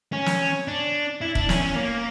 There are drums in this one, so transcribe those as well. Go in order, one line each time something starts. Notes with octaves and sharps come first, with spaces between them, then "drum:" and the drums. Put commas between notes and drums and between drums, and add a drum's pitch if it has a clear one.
C#4
drum: snare
D4
E4
D4, drum: kick
C#4, drum: snare
C#4
A#3